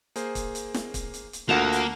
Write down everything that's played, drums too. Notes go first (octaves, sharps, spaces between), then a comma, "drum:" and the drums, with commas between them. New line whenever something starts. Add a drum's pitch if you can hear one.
A#3 G#4 C5, drum: hi-hat
drum: kick, hi-hat
drum: hi-hat
drum: snare
drum: kick, hi-hat
drum: hi-hat
drum: hi-hat
D2 A#3 F4 A#4 F#5 A5 A#5
drum: hi-hat